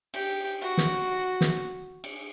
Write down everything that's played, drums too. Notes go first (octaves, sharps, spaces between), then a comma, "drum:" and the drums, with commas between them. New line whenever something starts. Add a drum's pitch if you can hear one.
G4, drum: cymbal
F#4
drum: snare
drum: snare
drum: cymbal